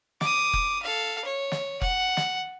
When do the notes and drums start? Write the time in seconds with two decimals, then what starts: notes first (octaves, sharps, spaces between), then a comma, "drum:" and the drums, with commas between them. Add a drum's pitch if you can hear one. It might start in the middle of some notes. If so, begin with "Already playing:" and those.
0.21 D6 D#6, drum: snare
0.53 drum: kick F1
0.82 A4 F5
1.25 C#5
1.52 drum: snare
1.82 F#5, drum: kick F1
2.17 drum: snare